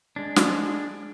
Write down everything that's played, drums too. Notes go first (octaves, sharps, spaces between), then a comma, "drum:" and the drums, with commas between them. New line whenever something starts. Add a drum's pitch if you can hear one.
G#3 D4
drum: snare